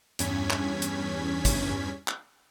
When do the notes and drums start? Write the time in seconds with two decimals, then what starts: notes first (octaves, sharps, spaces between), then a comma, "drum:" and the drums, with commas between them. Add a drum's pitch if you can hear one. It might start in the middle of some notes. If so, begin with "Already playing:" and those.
0.19 E2 G2 C#4 G#6 B6, drum: hi-hat
0.51 drum: clap
0.82 drum: hi-hat
1.45 drum: kick, hi-hat
2.08 drum: clap